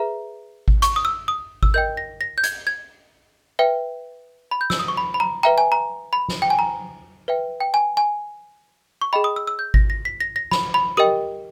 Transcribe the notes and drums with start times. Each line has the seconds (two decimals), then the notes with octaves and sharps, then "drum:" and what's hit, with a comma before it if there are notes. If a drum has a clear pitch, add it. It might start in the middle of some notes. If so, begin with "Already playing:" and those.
Already playing: G#4 B4 E5 A#5
0.68 drum: kick G#1
0.82 C#6, drum: hi-hat
0.96 D#6
1.05 E6
1.28 D#6
1.63 E6, drum: kick G#1
1.74 A#4 D#5 G5 G6
1.97 A#6
2.21 A#6
2.38 G6
2.44 G#6, drum: hi-hat
2.67 G#6
3.59 B4 E5 G5
4.51 B5
4.61 G6
4.70 E6, drum: snare
4.79 D#6
4.88 C#6
4.97 B5
5.14 B5
5.20 A#5
5.43 B4 E5 G5 A#5
5.58 G#5
5.72 A#5
6.13 B5
6.28 drum: snare
6.42 G5
6.50 G#5
6.59 A#5
7.28 B4 E5 G5
7.60 G5
7.74 G#5
7.97 G#5
9.01 C#6
9.13 G#4 D#5 G5 B5
9.24 D#6
9.36 E6
9.47 E6
9.59 G6
9.74 A#6, drum: kick G#1
9.90 A#6
10.05 B6
10.20 A#6
10.36 A#6
10.52 B5, drum: snare
10.74 B5
10.97 G4 A#4 D#5 G5 D#6